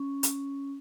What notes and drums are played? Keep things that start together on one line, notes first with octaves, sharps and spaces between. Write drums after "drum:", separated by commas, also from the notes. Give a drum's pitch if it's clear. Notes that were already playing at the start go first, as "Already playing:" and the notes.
Already playing: C#4
drum: hi-hat